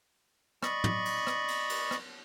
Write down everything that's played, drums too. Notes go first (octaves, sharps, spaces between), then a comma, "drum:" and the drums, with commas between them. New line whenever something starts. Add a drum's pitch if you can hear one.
D5 D#5 B5 C#6, drum: rim click
drum: tom
drum: cymbal
drum: rim click
drum: cymbal
drum: cymbal
drum: rim click